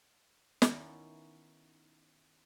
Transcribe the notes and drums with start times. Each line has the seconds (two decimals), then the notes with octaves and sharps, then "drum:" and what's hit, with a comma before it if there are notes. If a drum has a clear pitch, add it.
0.62 D#3 B3 C#4 D#4 E4, drum: snare